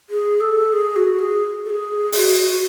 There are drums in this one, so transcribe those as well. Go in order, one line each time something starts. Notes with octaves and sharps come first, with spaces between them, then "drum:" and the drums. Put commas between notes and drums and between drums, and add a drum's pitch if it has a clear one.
G#4
A4
G#4
F#4
G#4
A4
G#4
G#4, drum: open hi-hat
F#4
F#4